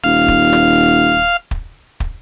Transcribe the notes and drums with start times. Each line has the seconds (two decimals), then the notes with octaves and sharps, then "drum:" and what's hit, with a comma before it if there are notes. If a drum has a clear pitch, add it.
0.04 D#1 F5
0.28 drum: kick
0.53 drum: snare F4
1.51 drum: kick
2.00 drum: kick